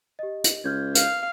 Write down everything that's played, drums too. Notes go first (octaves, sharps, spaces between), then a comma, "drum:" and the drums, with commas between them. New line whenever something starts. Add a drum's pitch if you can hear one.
G4 D#5
drum: hi-hat
C#2 F6 G6 G#6
F5, drum: hi-hat